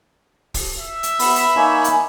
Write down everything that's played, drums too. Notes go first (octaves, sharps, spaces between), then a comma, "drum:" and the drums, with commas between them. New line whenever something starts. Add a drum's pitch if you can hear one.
drum: kick, open hi-hat
E5
drum: hi-hat
B3 B5, drum: open hi-hat
drum: hi-hat
A#3 D#4 C#5 G#5
drum: hi-hat